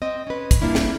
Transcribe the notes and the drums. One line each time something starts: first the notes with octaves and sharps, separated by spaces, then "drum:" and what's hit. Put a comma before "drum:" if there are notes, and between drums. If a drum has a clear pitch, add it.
C4 D#5
C#4 B4
drum: kick, hi-hat
G3 A#3 D4 E4 F4
drum: snare